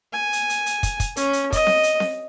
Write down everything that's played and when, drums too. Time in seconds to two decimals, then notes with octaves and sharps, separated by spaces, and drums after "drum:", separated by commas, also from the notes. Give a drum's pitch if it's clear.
0.13 G#5
0.33 drum: hi-hat
0.50 drum: hi-hat
0.66 drum: hi-hat
0.83 drum: kick, hi-hat
1.00 drum: kick, hi-hat
1.16 C#4, drum: hi-hat
1.33 drum: hi-hat
1.52 D#5, drum: kick, hi-hat
1.67 drum: snare C4
1.83 drum: hi-hat
2.00 drum: snare C4